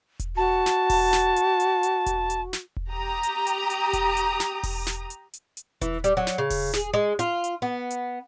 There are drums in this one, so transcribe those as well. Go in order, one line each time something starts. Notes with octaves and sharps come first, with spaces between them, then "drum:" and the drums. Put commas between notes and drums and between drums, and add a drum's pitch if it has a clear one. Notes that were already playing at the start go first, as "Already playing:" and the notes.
drum: kick E1, hi-hat
F#4 A5
drum: snare
drum: kick E1, open hi-hat
drum: snare
drum: hi-hat
drum: hi-hat
drum: hi-hat
drum: kick E1, hi-hat
drum: hi-hat
drum: snare
drum: kick E1
G4 A#5 D#6
drum: hi-hat
drum: hi-hat
drum: hi-hat
drum: kick E1, hi-hat
drum: hi-hat
drum: snare
drum: kick E1, open hi-hat
drum: snare
drum: hi-hat
drum: hi-hat
drum: hi-hat
E3, drum: kick E1, hi-hat
G3, drum: hi-hat
F#3
drum: snare
C#3
drum: kick E1, open hi-hat
G#4, drum: snare
G#3
F4, drum: hi-hat
drum: hi-hat
B3
drum: hi-hat